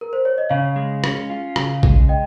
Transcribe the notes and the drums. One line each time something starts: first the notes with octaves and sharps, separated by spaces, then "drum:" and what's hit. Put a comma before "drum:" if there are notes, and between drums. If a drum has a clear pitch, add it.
A#4
C5
C#5
D#5
C#3 C#5 F5
G#3
C#4, drum: rim click
F4
C#3, drum: rim click
G#3, drum: kick A#1
D#5 G5